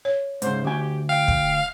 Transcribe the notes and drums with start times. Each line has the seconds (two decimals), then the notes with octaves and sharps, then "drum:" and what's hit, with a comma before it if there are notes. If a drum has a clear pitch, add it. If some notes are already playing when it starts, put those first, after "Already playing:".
0.05 C#5
0.42 G#2 C#3 C5, drum: hi-hat
0.64 D2 G4 G#5
1.09 F5 G5
1.28 drum: kick